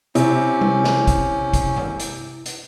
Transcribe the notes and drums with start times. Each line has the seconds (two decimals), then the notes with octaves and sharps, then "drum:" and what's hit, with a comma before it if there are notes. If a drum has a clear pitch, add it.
0.15 C3 C#4 E4, drum: hi-hat
0.61 drum: tom G3
0.84 drum: snare
1.07 drum: kick, hi-hat
1.53 drum: kick, hi-hat
1.77 drum: tom G2
2.00 drum: hi-hat
2.46 drum: hi-hat